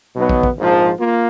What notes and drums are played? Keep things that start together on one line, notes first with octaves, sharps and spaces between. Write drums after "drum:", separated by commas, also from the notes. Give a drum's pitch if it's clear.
B1 B2 F#3 B3 D#4
drum: kick
drum: kick
A#1 G#2 F3
A#3 F4